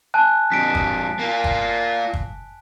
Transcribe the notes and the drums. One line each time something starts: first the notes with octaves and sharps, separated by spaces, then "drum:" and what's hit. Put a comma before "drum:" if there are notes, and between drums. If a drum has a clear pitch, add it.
G#5 A5 F#6
F2 A#2 B6 D7
drum: kick
A#3 F4
drum: kick
drum: kick